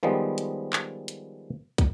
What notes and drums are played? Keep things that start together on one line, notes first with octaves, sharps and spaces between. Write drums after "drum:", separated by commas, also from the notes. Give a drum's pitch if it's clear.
D#3 F3 G3 G#3 B3
drum: hi-hat
drum: clap
drum: hi-hat
drum: kick, hi-hat